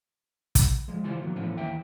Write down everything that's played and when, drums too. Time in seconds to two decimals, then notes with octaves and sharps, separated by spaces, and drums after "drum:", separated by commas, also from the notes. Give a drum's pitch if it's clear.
0.55 drum: kick, hi-hat
0.88 F3 G#3
1.03 C#3 E3 G3 F4 C5
1.21 D#3 F3 F#3 G#3 A#3
1.35 A2 D3 E3 F3 B3 C#4
1.57 D#2 D#3 E3 A#3 E5 G5